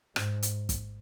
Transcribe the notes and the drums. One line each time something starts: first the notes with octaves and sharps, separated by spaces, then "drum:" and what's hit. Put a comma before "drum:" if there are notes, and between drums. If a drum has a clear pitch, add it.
G#2, drum: rim click
drum: hi-hat
drum: kick, hi-hat